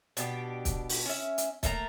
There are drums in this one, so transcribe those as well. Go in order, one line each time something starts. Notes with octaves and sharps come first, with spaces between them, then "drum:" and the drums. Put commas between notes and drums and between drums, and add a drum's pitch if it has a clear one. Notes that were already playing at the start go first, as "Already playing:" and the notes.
B2 D4 G4, drum: hi-hat
drum: kick, hi-hat
drum: open hi-hat
C#4 E5
drum: hi-hat
A3 A#3 E5 A#5, drum: kick, hi-hat